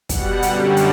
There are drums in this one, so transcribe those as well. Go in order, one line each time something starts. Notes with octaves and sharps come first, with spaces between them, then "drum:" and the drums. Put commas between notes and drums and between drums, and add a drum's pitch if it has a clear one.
B2 G3 F#5, drum: kick, hi-hat
F#2 D3 G3, drum: hi-hat
drum: hi-hat